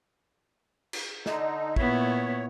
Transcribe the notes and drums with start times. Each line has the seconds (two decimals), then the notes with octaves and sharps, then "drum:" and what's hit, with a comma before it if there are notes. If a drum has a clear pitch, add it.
0.93 drum: cymbal
1.26 D3 D#4, drum: snare
1.76 A#2 B3 E4 C#5, drum: kick